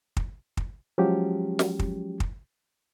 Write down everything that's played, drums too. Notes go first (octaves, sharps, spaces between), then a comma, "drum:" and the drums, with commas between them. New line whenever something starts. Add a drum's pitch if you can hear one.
drum: kick
drum: kick
F3 F#3 G#3 C#4 G4
drum: snare
drum: kick
drum: kick